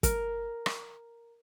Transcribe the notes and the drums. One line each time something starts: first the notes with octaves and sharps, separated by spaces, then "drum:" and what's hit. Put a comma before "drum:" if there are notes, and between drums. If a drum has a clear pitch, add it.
A#4, drum: kick, hi-hat
drum: rim click